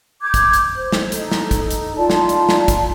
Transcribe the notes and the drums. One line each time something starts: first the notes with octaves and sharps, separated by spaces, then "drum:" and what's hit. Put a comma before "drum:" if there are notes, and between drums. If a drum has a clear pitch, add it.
D6 G6 G#6
drum: kick, hi-hat
drum: hi-hat
C5
drum: snare
D#4 A4, drum: hi-hat
drum: snare
drum: kick, hi-hat
drum: hi-hat
D#4 F4 D5 A5
drum: snare
drum: hi-hat
drum: snare
drum: kick, hi-hat